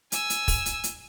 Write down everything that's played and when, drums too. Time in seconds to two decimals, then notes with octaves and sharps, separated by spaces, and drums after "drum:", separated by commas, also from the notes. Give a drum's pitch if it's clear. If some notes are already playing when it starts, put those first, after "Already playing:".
0.12 G#5 E6, drum: hi-hat
0.30 drum: hi-hat
0.48 drum: kick, open hi-hat
0.66 drum: hi-hat
0.84 drum: hi-hat